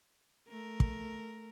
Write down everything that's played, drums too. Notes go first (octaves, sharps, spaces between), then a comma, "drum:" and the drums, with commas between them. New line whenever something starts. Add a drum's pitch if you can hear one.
A3 A#4
drum: kick